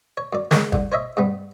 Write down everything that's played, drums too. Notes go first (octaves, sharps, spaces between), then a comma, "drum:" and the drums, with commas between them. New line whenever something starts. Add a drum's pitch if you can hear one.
C#5
F#2 D5
C#3 G#3 C#4 G#4 A#4, drum: snare
C2 D3, drum: kick G#1
C5 C#5 D#5 E5
G2 C3 G3 B3